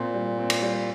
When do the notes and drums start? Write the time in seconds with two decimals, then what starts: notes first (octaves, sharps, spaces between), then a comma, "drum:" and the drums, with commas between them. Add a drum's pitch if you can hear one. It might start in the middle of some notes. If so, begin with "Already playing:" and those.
Already playing: A#2 C4
0.14 G3
0.38 C4
0.50 drum: cymbal
0.62 G3